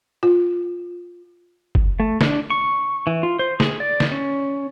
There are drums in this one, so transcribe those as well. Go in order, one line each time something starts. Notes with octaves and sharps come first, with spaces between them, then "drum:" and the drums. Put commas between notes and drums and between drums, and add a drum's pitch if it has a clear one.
F4
drum: kick
A3
D4, drum: snare
C#6
E3
F4
C5
G#4, drum: snare
D5
drum: snare
C#4